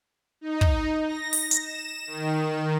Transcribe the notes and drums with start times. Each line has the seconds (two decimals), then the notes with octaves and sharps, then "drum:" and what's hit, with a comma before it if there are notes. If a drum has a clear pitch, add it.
0.41 D#4
0.61 drum: kick
1.06 A#6
1.33 drum: open hi-hat
1.51 drum: hi-hat
1.61 E7
2.07 D#3